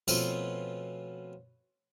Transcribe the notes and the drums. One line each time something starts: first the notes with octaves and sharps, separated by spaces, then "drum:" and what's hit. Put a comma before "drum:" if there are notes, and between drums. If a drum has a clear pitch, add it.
B2 F3 A3 C4 C#4 F4, drum: tambourine